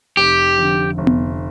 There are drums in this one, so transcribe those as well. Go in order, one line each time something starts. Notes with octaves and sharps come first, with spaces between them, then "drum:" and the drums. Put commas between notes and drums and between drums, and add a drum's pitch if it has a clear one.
F1 G4
F2 D3
F1
drum: tom B3